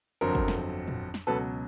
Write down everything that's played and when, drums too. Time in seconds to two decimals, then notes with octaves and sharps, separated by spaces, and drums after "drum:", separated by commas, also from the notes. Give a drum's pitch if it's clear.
0.21 G1 F2 D3 F#3 A#4 C5
0.35 drum: kick
0.48 drum: snare
0.88 drum: tom A2
1.14 drum: snare
1.27 C#2 B2 F#3 A4 B4